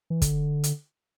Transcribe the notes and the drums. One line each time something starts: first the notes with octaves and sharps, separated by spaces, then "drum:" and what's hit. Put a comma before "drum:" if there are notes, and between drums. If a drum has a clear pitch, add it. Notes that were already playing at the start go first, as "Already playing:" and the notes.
E3
D3, drum: kick, hi-hat
drum: hi-hat